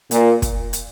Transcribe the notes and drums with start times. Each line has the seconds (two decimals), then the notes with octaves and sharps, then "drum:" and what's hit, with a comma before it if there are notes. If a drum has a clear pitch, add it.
0.11 A#2, drum: hi-hat
0.42 drum: kick, hi-hat
0.73 drum: hi-hat